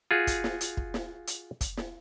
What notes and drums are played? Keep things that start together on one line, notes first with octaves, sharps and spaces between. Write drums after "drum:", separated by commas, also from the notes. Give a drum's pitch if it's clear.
F4 F#4 G#4
drum: kick, hi-hat
drum: snare
drum: hi-hat
drum: kick
drum: snare
drum: hi-hat
drum: kick, hi-hat
drum: snare